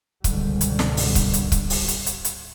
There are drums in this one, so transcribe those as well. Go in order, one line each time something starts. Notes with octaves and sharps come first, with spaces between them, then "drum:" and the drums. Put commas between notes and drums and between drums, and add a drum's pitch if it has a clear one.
C#2 G#2 B2 D3 D#3 G3, drum: kick C#1, hi-hat
drum: hi-hat
drum: snare
drum: open hi-hat
drum: kick C#1, hi-hat
drum: hi-hat
drum: kick C#1, hi-hat
drum: open hi-hat
drum: hi-hat
drum: hi-hat
drum: hi-hat